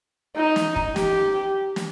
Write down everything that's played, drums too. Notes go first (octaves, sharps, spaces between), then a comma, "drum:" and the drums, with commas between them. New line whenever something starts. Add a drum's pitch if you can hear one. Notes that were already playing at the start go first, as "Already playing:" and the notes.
D#4
drum: snare
drum: kick
G4, drum: snare
drum: snare